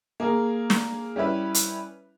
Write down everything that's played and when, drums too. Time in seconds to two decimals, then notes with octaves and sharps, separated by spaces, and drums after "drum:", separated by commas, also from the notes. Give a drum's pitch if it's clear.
0.20 A#3 G#4 A#4
0.70 drum: snare
1.16 G3 C#4 E4 B4 E5
1.54 drum: hi-hat